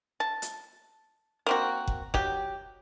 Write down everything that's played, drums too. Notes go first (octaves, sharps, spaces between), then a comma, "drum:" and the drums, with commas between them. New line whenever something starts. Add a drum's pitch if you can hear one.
A5
drum: hi-hat
A#3 C4 F#4
drum: kick F#1
F#3 G4, drum: kick F#1